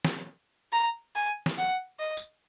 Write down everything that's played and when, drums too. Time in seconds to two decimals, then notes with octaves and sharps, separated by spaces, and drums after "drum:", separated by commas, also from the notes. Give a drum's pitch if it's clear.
0.05 drum: snare
0.73 A#5
1.15 G#5
1.46 drum: snare
1.58 F#5
1.99 D#5
2.17 drum: tambourine